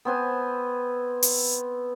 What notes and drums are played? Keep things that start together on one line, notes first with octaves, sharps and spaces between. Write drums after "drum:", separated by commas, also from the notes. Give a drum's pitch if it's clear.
B3 C4 G#5
drum: open hi-hat